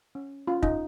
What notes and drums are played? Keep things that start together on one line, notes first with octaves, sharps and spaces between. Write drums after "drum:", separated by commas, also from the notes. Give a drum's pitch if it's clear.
C#4
C#4 F4
D#4, drum: kick